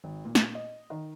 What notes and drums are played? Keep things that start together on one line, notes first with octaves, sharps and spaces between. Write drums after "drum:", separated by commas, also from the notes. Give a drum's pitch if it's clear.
G#1
A#2
drum: snare
D#5
D#3